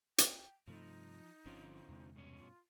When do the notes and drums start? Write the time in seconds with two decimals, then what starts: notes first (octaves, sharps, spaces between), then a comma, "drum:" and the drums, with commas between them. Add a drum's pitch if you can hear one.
0.18 G5, drum: hi-hat
0.68 G2 C3 F3 A3 D#4
1.46 G1 D3 F3 C4 C#4 F4
1.89 E2 C3 G#3
2.16 G2 B2 C#4
2.37 F4